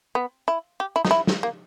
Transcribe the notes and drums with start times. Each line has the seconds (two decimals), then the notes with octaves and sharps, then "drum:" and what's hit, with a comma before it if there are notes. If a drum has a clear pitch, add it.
0.15 B3
0.48 E4
0.80 G4
0.96 E4
1.05 D#4, drum: snare
1.11 E4
1.27 drum: snare
1.43 A#3